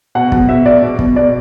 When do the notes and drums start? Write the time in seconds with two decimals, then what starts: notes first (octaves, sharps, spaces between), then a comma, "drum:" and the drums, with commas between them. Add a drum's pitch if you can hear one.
0.15 B2 F#5
0.32 B2, drum: kick
0.49 B2 E5
0.65 B2 D5
0.82 B2
0.99 B2, drum: kick
1.16 B2 D5